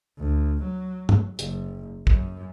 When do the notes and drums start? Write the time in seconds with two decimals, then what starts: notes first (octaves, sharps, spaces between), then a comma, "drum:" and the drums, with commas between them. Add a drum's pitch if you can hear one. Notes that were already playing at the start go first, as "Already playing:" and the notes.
0.18 D2
0.63 F#3
1.09 drum: tom
1.39 F#1, drum: hi-hat
2.07 F#2, drum: kick